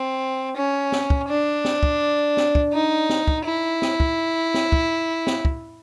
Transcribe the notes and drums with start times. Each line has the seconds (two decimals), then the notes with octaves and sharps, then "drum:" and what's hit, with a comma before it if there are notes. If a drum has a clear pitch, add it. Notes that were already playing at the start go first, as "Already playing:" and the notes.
Already playing: C4
0.56 C#4
0.92 drum: snare
1.10 drum: kick
1.29 D4
1.65 drum: snare
1.83 drum: kick
2.37 drum: snare
2.55 drum: kick
2.73 D#4
3.09 drum: snare
3.28 drum: kick
3.45 E4
3.82 drum: snare
4.00 drum: kick
4.54 drum: snare
4.72 drum: kick
5.27 drum: snare
5.45 drum: kick